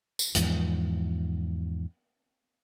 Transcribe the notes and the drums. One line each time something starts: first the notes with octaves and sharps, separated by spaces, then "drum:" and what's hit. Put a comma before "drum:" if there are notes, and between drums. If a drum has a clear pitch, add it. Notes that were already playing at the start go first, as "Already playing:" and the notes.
drum: tambourine
E2 G#2 F3, drum: hi-hat